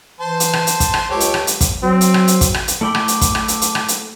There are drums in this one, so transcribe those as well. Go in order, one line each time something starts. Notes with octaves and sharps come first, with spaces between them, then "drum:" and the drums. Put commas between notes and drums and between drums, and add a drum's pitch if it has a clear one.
E3 C5 A5 C6
drum: hi-hat
drum: rim click
drum: hi-hat
drum: kick, hi-hat
drum: rim click
C#2 G4 A4 C#5
drum: hi-hat
drum: rim click
drum: hi-hat
drum: kick, hi-hat
F#3 C4
drum: hi-hat
drum: rim click
drum: hi-hat
drum: kick, hi-hat
drum: rim click
drum: hi-hat
A3 E4 D5 G5 B5
drum: rim click
drum: hi-hat
drum: kick, hi-hat
drum: rim click
drum: hi-hat
drum: hi-hat
drum: rim click
drum: hi-hat